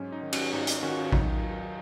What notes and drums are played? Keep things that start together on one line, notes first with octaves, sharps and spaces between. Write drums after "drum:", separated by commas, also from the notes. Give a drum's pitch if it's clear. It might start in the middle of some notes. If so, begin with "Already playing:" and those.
Already playing: G#2 F#3 C#4
D#4
D#3
C#4 F#4, drum: cymbal
G#2 D#4
drum: hi-hat
D#3 C#4 F#4
F#3 D#4, drum: kick A1